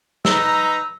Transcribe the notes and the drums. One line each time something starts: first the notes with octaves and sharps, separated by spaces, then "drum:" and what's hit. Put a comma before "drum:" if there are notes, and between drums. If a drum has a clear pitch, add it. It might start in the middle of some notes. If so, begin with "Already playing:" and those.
D#4 B4 A#5 E6, drum: snare